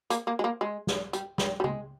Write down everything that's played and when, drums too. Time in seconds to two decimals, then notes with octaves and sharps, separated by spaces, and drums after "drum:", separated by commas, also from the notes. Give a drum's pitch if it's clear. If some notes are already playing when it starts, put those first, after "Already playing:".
0.10 A#3, drum: hi-hat
0.27 A#3
0.39 G#3
0.44 A#3
0.61 G#3
0.87 drum: snare
1.13 G3, drum: hi-hat
1.38 G3, drum: snare
1.60 G3
1.64 G#3, drum: tom C#3